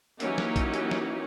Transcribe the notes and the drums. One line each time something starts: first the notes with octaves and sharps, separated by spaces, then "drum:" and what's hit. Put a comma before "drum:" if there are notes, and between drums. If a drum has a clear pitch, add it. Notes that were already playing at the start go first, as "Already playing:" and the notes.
E3 F#3 A#3 C#4 D#4 G4, drum: hi-hat
drum: snare
drum: kick, hi-hat
drum: hi-hat
drum: snare